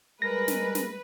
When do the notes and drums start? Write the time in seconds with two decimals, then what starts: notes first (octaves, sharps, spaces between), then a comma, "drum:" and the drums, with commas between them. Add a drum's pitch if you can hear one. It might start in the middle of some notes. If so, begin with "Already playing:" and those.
0.22 G3 G#3 A#4 B4 A#6
0.48 drum: snare
0.75 drum: snare